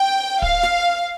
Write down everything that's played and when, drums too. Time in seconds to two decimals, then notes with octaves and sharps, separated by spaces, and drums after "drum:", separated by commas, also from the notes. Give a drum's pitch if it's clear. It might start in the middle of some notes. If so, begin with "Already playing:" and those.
Already playing: G5
0.42 F5, drum: kick
0.63 drum: snare